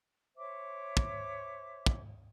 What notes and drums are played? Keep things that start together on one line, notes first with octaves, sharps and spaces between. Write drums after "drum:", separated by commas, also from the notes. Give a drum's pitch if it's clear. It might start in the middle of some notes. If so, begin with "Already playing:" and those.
C5 C#5 E5 D6
drum: kick
drum: kick